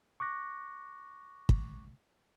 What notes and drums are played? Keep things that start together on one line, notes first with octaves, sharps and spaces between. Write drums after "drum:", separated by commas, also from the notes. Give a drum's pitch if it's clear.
C#6 D6 F#6 A#6
drum: kick